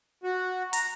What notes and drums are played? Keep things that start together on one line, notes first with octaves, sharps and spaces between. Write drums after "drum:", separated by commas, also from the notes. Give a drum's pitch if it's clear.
F#4
A#5, drum: hi-hat